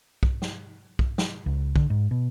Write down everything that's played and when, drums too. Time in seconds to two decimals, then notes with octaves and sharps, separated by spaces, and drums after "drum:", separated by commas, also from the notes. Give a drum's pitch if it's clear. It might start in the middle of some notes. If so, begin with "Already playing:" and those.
0.23 drum: kick
0.42 drum: snare
0.99 drum: kick
1.18 drum: snare
1.46 C#2
1.76 D3, drum: kick
1.90 G#2
2.11 B2